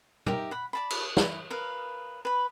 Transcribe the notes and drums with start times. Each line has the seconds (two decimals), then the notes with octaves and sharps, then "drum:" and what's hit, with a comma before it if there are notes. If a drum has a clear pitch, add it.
0.26 D#4 G4 A#4 E5, drum: tom
0.51 F#5 B5
0.73 D5 A5 B5
0.90 drum: cymbal
1.17 E4, drum: snare
1.50 A#4 B4 F5
2.25 B4 B5